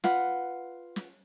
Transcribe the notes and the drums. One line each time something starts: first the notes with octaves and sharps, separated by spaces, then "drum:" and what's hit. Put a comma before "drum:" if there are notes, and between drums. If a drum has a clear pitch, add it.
F4 B4 F#5, drum: snare
drum: snare